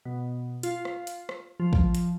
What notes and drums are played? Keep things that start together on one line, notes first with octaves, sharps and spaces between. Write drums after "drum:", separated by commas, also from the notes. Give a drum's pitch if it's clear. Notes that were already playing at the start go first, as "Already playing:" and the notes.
B2
F4, drum: hi-hat
drum: rim click
drum: hi-hat
drum: rim click
F3
drum: kick
drum: hi-hat